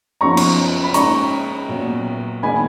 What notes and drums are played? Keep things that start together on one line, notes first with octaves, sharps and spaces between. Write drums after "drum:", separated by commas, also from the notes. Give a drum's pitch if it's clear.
F#2 C#3 F3 B3 D#4 A#5 C#6
drum: cymbal
B5
C#3 G#3 D#4 A#5 C#6, drum: hi-hat
A#2 F#3 B3
D#3 G#3 B3 D#4 G#5 B5